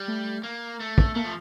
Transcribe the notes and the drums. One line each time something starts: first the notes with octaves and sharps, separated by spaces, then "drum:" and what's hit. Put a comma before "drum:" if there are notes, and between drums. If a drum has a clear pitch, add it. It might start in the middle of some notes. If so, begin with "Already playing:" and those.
Already playing: G3
A3
A#3
A3
drum: kick
A3 A#3
F3